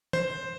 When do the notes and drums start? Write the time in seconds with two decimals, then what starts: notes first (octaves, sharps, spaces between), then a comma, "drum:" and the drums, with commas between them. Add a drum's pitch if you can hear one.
0.13 C5, drum: tom